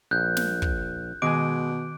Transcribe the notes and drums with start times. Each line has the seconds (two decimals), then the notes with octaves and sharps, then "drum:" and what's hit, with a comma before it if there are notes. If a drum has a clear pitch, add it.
0.11 A#1 F#6 G6
0.37 drum: snare
0.62 drum: kick
1.22 B2 D#3 G#3 G#5 D6 D7